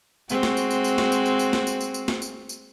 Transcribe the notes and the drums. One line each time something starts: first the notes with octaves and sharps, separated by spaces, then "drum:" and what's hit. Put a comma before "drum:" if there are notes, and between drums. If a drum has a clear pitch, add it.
G#3 C4 F#4, drum: tambourine
drum: snare
drum: tambourine
drum: tambourine
drum: tambourine
drum: snare
drum: tambourine
drum: tambourine
drum: tambourine
drum: snare
drum: tambourine
drum: tambourine
drum: tambourine
drum: snare
drum: tambourine
drum: tambourine